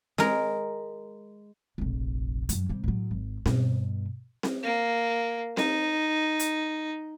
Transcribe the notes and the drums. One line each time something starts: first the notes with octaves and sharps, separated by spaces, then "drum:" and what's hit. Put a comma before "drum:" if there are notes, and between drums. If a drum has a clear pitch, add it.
G#3 A#4, drum: snare C4
F1 A#1
F#2 F#3, drum: hi-hat
C3 G3
A2 F#3
G#1
G2 B2, drum: snare C4
drum: snare C4
A#3
D#4, drum: snare C4
drum: hi-hat